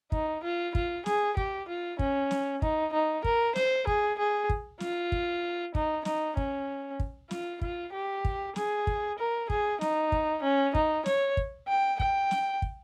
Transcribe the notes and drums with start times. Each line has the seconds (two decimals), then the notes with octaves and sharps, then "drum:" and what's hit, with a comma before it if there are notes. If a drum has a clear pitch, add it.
0.12 D#4, drum: kick
0.43 F4
0.75 F4, drum: kick
1.06 G#4, drum: snare
1.37 G4, drum: kick
1.69 F4
1.99 C#4, drum: kick
2.31 drum: snare
2.62 D#4, drum: kick
2.93 D#4
3.24 A#4, drum: kick
3.56 C5, drum: snare
3.87 G#4, drum: kick
4.18 G#4
4.49 drum: kick
4.80 F4, drum: snare
5.12 drum: kick
5.75 D#4, drum: kick
6.05 D#4, drum: snare
6.37 C#4, drum: kick
7.00 drum: kick
7.31 F4, drum: snare
7.61 F4, drum: kick
7.93 G4
8.25 drum: kick
8.56 G#4, drum: snare
8.87 drum: kick
9.19 A#4
9.50 G#4, drum: kick
9.81 D#4, drum: snare
10.12 drum: kick
10.43 C#4
10.75 D#4, drum: kick
11.06 C#5, drum: snare
11.37 drum: kick
11.68 G5
12.00 G5, drum: kick
12.31 drum: snare
12.62 drum: kick